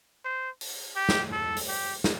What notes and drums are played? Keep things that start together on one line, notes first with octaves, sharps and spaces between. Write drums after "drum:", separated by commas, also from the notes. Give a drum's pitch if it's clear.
C5
drum: open hi-hat
G4
drum: snare
A4
drum: open hi-hat
G4
drum: snare